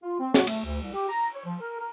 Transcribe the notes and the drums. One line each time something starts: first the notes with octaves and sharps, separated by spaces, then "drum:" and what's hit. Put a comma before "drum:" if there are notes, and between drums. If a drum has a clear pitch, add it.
F4
C4
F#4, drum: snare
A3, drum: cymbal
D2
C2
G4
A#5
C#5
F3
A#4
A#4